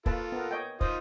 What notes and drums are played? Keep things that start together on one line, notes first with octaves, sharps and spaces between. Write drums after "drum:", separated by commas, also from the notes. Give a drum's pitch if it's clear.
A#3 F4 A4 B4 A5, drum: kick
B3 A#4
C#5 D#5 G5
D#4 F4 C5 D#6, drum: kick